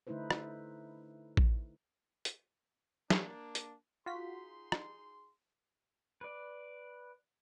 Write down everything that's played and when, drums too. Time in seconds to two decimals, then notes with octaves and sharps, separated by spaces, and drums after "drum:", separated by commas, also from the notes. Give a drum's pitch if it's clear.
0.07 D3 A3 D#4 E4 B4 C5
0.30 drum: rim click
1.37 drum: kick A1
2.25 drum: hi-hat
3.10 A#3 D4, drum: snare
3.55 drum: hi-hat
4.06 D#4 F4 F#4 G#4 C6 B6
4.72 drum: rim click
6.21 B4 D5